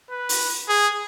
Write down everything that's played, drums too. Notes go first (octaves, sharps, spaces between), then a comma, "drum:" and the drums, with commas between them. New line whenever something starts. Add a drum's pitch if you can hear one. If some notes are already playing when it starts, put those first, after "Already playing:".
B4
drum: open hi-hat
G#4